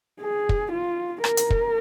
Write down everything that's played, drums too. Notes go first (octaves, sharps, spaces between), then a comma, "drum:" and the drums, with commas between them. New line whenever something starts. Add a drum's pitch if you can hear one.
G#4
drum: kick
F4
A#4, drum: rim click
drum: hi-hat
drum: kick